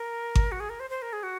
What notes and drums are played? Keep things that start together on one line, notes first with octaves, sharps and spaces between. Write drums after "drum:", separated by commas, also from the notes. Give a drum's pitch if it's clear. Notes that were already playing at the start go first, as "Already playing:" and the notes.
Already playing: A#4
drum: kick G#1
F#4
G#4
A#4
C5
C5
A#4
G#4
F#4